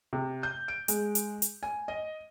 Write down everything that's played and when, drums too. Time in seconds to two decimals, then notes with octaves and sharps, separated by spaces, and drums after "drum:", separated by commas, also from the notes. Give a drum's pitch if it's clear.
0.13 C3
0.43 G6
0.68 D7
0.88 G#3, drum: hi-hat
1.15 drum: hi-hat
1.42 drum: hi-hat
1.63 G#5
1.88 D#5